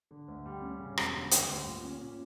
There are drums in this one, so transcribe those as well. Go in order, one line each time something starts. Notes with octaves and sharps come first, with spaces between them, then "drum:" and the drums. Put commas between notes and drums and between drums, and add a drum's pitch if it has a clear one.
D3
D2
G3
C#4
C#3
E1, drum: rim click
D3
G3, drum: hi-hat
D2
A#2
C#4
A#2